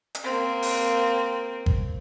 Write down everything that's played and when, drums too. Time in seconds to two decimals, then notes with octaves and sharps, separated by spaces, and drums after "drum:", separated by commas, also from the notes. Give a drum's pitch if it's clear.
0.15 drum: hi-hat
0.24 A#3 C4
0.62 drum: open hi-hat
1.66 drum: kick G1